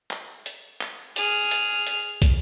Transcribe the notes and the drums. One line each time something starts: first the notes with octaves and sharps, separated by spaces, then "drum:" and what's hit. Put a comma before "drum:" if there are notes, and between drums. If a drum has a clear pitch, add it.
drum: clap
drum: hi-hat
drum: clap
G#4 F6, drum: hi-hat
drum: hi-hat
drum: hi-hat
drum: kick, hi-hat